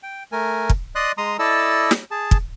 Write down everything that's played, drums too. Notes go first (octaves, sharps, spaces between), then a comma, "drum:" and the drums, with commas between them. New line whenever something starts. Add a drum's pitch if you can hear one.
G5
A3 A#4 G#5
drum: kick
D5 D#5 C6 D#6 F#6
G#3 A#5 C6 D#6
E4 A4 D5 D#5 A5 E6
drum: snare
G#4 A5
drum: kick